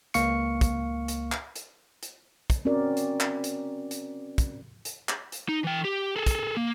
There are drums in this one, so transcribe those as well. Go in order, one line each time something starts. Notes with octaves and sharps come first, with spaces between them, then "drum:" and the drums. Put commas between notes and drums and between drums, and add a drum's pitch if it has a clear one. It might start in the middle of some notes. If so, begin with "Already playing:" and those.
C#2 A#3 F5 C#6 C#7, drum: hi-hat
drum: kick, hi-hat
drum: hi-hat
drum: clap
drum: hi-hat
drum: hi-hat
drum: kick, hi-hat
C4 C#4 F#4 A#4 D5
drum: hi-hat
drum: clap
drum: hi-hat
drum: hi-hat
drum: kick, hi-hat
drum: hi-hat
drum: clap
drum: hi-hat
D#4
E3 G5
G4
G#4 A4
drum: kick, hi-hat
A#3